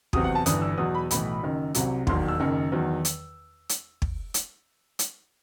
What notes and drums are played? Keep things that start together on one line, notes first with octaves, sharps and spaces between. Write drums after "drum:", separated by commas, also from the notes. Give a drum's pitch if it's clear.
E2 C3 F#3 D#6, drum: kick
F#5
A5
G1 G2 E3 D#6, drum: hi-hat
E6
E2 B2 F#3 D#6
B5
B1 A2 E3 B5, drum: hi-hat
F#1 F#2 D#3
C2 C3 F#3, drum: hi-hat
E1 D#2 D#3 F#3 C6, drum: kick
E6
F#1 F#2 D#3
E2 D#3 F#3
drum: hi-hat
drum: hi-hat
drum: kick
drum: hi-hat
drum: hi-hat